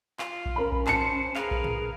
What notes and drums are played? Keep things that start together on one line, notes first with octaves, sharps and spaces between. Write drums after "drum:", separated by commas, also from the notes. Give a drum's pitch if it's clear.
F4, drum: clap
drum: kick A#1
C#4 A#4 B5
drum: kick A#1
C5 A5 C#7, drum: clap
G#4 A#4 B4 F5, drum: clap
drum: kick A#1
drum: tom